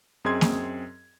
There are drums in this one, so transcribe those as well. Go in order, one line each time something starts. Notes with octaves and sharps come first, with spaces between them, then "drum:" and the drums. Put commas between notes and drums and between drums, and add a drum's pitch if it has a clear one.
F#2 C4 G#4 D#5 C6 G#6
drum: snare A#3